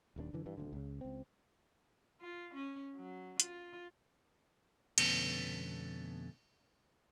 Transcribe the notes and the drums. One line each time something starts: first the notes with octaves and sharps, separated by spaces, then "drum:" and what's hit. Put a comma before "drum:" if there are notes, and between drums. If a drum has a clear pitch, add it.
D#1 D#2 D#3 D4
F#2 D3 E3
G2 E3
D#1 D2 D3
C#2 C#3
C#2 C4
F4
C#4
F#3
F4, drum: hi-hat
F2 B2 D3 A3 B3 C#4, drum: cymbal